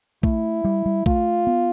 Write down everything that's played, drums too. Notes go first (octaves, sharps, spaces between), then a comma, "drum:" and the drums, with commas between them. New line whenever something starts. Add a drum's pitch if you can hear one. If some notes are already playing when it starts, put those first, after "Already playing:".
A3 E4, drum: kick A#1
G3
G3
A3 F4, drum: kick A#1
B3